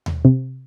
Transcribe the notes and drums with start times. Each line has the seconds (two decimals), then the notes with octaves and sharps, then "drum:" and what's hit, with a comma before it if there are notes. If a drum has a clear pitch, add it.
0.06 drum: tom D#2
0.25 C3